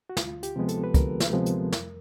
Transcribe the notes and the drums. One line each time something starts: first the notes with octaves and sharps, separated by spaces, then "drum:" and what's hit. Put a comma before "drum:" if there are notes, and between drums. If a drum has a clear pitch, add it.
F#4
D2 F4, drum: snare
G4, drum: hi-hat
C3 F3 G#3 B3
A4, drum: hi-hat
B4
D2 A#4, drum: kick, hi-hat
drum: snare
C3 F3 G#3 B3
drum: hi-hat
F2, drum: snare